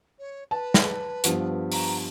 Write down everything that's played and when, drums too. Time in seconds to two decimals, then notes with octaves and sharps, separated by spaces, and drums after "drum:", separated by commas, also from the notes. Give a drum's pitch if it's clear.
0.19 C#5
0.51 B4 A5
0.74 drum: snare
1.24 G2 F3 B3, drum: hi-hat
1.72 A#5, drum: open hi-hat